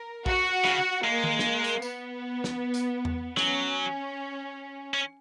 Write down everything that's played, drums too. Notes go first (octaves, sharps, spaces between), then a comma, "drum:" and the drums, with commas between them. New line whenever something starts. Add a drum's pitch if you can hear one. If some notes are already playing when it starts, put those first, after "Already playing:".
Already playing: A#4
F#4, drum: kick
C#3, drum: snare
G#3 A#3
drum: tom D#3
drum: snare
drum: hi-hat
B3, drum: tambourine
drum: snare
drum: hi-hat
drum: tom E2
F#3 C#4, drum: snare
C#4